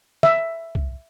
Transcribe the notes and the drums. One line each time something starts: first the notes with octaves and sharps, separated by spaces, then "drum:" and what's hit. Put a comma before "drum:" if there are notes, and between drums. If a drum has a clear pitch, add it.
E5, drum: snare
drum: kick